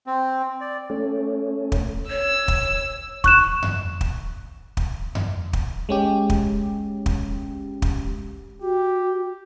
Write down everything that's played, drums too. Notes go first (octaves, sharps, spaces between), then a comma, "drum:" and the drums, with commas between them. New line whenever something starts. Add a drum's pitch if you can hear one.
C4
D5
A3 C#4
drum: kick
C#5 E6
drum: kick
C#6 F#6 E7, drum: kick
drum: tom F2
drum: kick
drum: kick
drum: tom F2
drum: kick
G#3 C#4 G4
drum: kick
drum: kick
drum: kick
F#4 G4